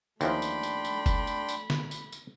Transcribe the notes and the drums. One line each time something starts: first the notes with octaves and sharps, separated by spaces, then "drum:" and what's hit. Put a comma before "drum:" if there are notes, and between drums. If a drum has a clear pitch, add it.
D#2 E3 F3 A3 D4 G5 B5 C6, drum: tambourine
drum: tambourine
drum: tambourine
drum: tambourine
drum: kick F#1, tambourine
drum: tambourine
drum: tambourine
drum: snare
drum: tambourine
drum: tambourine